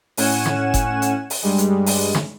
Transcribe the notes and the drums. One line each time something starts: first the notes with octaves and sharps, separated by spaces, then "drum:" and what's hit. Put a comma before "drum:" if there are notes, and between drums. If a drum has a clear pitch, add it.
A2 C#4 F#5 G#5 E7, drum: open hi-hat
drum: snare
drum: kick F#1, hi-hat
drum: hi-hat
drum: open hi-hat
G2 G3 G#3
drum: hi-hat
drum: open hi-hat
drum: snare